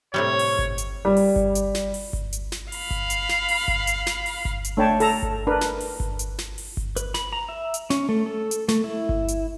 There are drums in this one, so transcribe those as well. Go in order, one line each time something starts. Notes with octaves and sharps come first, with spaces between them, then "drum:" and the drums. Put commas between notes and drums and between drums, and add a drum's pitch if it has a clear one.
A2 C3 G3 C#5
drum: open hi-hat
drum: kick G1
drum: hi-hat
G3
drum: open hi-hat
drum: kick G1
drum: hi-hat
drum: snare
drum: open hi-hat
drum: kick G1
drum: hi-hat
drum: snare
F5 B5, drum: open hi-hat
drum: kick G1
drum: hi-hat
drum: snare
drum: open hi-hat
drum: kick G1
drum: hi-hat
drum: snare
drum: open hi-hat
drum: kick G1
drum: hi-hat
A3 D4 C#5 G5 A5
A4 A5 A#5, drum: open hi-hat
drum: kick G1
D4 A#4 B4
drum: snare
drum: open hi-hat
drum: kick G1
drum: hi-hat
drum: snare
drum: open hi-hat
drum: kick G1
B4, drum: hi-hat
B5, drum: snare
A#5
E5
drum: hi-hat
C#4, drum: snare
A3
A4
drum: hi-hat
A3, drum: snare
E4
drum: kick G1
drum: hi-hat